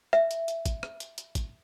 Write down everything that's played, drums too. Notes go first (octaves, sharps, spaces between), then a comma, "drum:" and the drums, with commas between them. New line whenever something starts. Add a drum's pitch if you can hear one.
E5, drum: rim click
drum: hi-hat
drum: hi-hat
drum: kick, hi-hat
drum: rim click
drum: hi-hat
drum: hi-hat
drum: kick, hi-hat